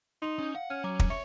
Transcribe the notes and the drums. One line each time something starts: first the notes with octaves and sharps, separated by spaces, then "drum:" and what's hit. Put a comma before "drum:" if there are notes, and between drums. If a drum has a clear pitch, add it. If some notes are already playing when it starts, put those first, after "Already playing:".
D#4 C6 F7
C#4 D#6 G6
F5 F#5
C#4 F6
F#3 A#5 D6
drum: kick
C#5 E5 C#6 C#7